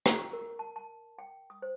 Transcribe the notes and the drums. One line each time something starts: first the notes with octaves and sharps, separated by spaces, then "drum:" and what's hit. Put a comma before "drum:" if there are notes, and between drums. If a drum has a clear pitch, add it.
A#5, drum: rim click
A#4
A5
A5
G5
D#6
C5